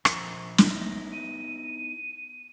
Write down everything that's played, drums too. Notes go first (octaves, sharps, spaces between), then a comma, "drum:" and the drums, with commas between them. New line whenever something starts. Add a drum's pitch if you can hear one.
F3 A#4, drum: rim click
B3 D#4 E4, drum: snare
D#7